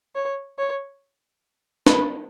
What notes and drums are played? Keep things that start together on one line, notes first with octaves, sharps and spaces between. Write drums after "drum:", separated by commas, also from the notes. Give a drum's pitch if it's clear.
C#5
C#5
B4, drum: snare